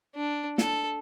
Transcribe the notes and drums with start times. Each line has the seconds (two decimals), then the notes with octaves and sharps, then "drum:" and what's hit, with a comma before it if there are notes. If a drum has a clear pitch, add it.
0.15 D4
0.58 A4, drum: snare